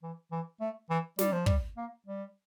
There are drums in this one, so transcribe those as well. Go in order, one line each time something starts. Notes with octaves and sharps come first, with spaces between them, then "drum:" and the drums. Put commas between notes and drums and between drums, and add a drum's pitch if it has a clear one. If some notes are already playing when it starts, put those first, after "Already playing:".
E3
E3
A3
E3
G3, drum: snare
F3
G3, drum: kick
A#3
G3